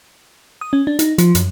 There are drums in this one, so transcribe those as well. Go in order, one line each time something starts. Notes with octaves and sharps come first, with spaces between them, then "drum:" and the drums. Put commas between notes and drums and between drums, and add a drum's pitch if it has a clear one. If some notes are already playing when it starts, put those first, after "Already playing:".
D#6
C#4
D4
D#4, drum: hi-hat
F3, drum: hi-hat
F#2, drum: hi-hat